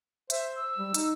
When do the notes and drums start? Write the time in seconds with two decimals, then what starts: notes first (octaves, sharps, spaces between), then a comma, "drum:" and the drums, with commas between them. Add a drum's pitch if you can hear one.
0.30 C5 E5, drum: hi-hat
0.56 E6
0.78 G3
0.94 D#4, drum: hi-hat